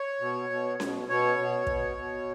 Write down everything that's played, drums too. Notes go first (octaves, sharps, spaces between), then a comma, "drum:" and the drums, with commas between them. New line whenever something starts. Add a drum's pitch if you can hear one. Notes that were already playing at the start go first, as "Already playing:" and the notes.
Already playing: C#5
B2
B2
B2, drum: snare C#4
B2 C#5
B2
B2, drum: kick
B2